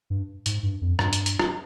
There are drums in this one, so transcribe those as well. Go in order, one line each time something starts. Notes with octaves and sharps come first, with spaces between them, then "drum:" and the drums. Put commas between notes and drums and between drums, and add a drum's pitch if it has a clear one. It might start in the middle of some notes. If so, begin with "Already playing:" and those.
G2
G#2, drum: hi-hat
G2
F2
G2, drum: rim click
drum: hi-hat
drum: hi-hat
drum: rim click